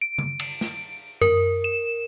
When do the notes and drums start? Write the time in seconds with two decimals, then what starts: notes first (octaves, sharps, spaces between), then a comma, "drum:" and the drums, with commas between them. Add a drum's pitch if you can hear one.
0.01 D7
0.18 drum: tom C#3
0.39 drum: cymbal
0.61 drum: snare
1.21 A#4, drum: tom F#2
1.64 E7